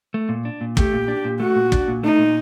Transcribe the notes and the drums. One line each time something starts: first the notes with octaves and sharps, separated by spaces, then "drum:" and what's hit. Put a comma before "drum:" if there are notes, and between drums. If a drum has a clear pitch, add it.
A3
A#2
D4
A#2
A3 G4, drum: kick
A#2
D4
A#2
A3 F#4
A#2
D4, drum: kick
A#2
A3 D#4
A#2